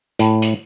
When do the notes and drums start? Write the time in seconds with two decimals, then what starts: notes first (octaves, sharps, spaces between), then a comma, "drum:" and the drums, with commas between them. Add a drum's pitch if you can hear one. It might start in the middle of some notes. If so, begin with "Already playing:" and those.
0.19 A2, drum: hi-hat
0.42 drum: hi-hat